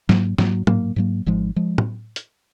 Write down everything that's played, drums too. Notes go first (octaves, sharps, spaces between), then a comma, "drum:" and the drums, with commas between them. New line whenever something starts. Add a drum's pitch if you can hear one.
G#2 F#3 A#3, drum: snare
G#2 F#3 A#3, drum: snare
G#2 F#3 A#3, drum: tom
G#2 F#3 A#3
G#1 G#2 F3 G#3
F3 G#3
drum: tom
drum: hi-hat